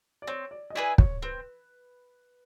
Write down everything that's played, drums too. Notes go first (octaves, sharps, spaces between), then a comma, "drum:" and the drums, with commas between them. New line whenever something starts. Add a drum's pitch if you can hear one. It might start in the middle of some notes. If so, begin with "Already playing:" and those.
D5
C4 C#5
D5
D#5
E4 G#4 B4 D5
C#5, drum: kick
C4 B4